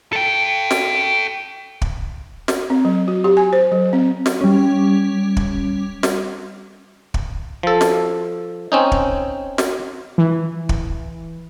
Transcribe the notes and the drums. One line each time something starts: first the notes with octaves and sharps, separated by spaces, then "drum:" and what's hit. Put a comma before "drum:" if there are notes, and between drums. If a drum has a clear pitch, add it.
A4 G5
drum: snare
drum: kick
drum: snare
C4
F#3
F#4
G4
G#5
C5
F#3
C4
drum: snare
G3 C#4
drum: kick
drum: snare
drum: kick
F3 A4
drum: snare
C4 C#4 D#4
drum: kick
drum: snare
E3
drum: kick